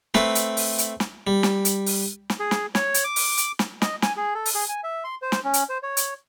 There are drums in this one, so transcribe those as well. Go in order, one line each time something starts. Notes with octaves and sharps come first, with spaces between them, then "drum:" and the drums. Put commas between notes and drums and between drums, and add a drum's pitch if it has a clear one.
A3 C4 B4, drum: snare
drum: hi-hat
drum: open hi-hat
drum: hi-hat
drum: snare
G3
drum: snare
drum: hi-hat
drum: open hi-hat
drum: snare
G#4
drum: snare
C#5, drum: snare
drum: hi-hat
D6
drum: open hi-hat
drum: hi-hat
drum: snare
D#5, drum: snare
G#5, drum: snare
G#4
A4
drum: open hi-hat
G#4
G#5
E5
C6
C5
drum: snare
C#4
drum: hi-hat
C5
C#5
drum: hi-hat